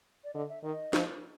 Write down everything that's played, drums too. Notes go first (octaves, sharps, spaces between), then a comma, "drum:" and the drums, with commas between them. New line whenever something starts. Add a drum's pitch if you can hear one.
D5
D3 D#5
E5
D#3 D#5
F3, drum: snare